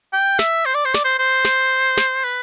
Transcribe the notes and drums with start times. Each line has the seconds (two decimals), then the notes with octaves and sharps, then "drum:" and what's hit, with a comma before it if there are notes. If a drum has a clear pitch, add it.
0.13 G5
0.39 E5, drum: snare
0.65 C5
0.75 D5
0.85 C5
0.94 D5, drum: snare
1.04 C5
1.19 C5
1.45 drum: snare
1.97 drum: snare
2.24 B4